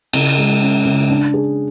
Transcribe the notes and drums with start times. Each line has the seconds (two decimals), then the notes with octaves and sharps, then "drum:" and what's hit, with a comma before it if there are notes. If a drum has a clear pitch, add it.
0.13 C#3, drum: cymbal
0.37 G#3
0.61 C#4
0.85 C#3
1.10 D4
1.34 G#4